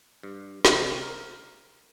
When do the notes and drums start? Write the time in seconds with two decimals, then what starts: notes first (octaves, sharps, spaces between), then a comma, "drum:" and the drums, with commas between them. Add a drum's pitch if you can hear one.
0.23 G2
0.65 C3, drum: snare
1.02 A#4